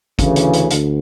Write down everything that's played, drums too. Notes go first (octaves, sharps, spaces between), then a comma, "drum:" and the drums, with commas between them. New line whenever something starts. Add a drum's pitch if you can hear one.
D2 C#3 E3, drum: kick, hi-hat
drum: hi-hat
drum: hi-hat
D2, drum: hi-hat